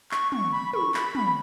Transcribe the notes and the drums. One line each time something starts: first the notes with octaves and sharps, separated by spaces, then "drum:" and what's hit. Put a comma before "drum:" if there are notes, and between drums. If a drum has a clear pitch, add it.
C#6, drum: clap
C#6, drum: tom
B5
C#6, drum: tom
B5, drum: clap
drum: tom